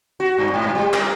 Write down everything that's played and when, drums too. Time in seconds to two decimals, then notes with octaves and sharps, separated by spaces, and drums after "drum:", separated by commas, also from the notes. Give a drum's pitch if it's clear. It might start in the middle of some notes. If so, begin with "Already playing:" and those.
0.20 F#4
0.38 G2
0.54 G#2
0.75 G3
0.93 A#4, drum: clap